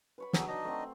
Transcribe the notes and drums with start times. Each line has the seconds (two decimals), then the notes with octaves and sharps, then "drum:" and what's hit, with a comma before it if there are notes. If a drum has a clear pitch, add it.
0.18 B4 C#5 B5
0.33 F#3 G#4 A4, drum: snare
0.48 D4 D#4 D#5
0.64 A3 C4